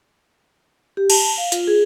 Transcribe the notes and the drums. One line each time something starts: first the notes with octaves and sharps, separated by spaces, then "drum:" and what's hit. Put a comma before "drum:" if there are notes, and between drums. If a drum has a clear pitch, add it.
G4
A5, drum: cymbal
F5
F4, drum: hi-hat
G#4